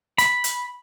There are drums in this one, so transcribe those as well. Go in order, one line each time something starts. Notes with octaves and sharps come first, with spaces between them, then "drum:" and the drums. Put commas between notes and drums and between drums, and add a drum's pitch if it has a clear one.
B5, drum: hi-hat
drum: hi-hat